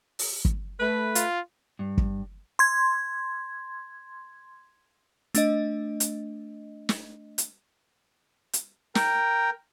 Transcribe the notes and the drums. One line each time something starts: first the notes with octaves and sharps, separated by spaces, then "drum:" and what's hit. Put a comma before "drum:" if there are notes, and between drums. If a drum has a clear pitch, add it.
drum: open hi-hat
drum: kick
A3 B4
F4, drum: hi-hat
G2
drum: kick
C6 G#6
A3 D4 D#5, drum: hi-hat
drum: hi-hat
drum: snare
drum: hi-hat
drum: hi-hat
A#4 G5, drum: snare